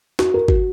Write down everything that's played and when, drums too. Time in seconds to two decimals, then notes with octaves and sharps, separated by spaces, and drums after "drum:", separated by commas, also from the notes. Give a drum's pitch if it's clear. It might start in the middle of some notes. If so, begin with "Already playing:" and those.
0.19 F#4, drum: snare
0.34 A#4
0.48 F#4, drum: kick